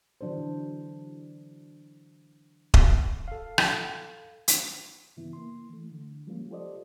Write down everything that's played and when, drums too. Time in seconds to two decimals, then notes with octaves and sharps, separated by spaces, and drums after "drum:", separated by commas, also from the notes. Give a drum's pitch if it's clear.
0.21 D3 E3 F#3 D4 A4 C5
2.74 drum: kick D#1
3.28 A4 F5
3.58 drum: rim click
4.48 drum: hi-hat
5.17 G2 C#3 E3 B3 E4
5.33 A#3 C6
5.70 E3 A3
5.92 D3
6.27 F3 G3 G#3 A#3 C#4 F4
6.50 F4 G4 A4 C5 D5 D#5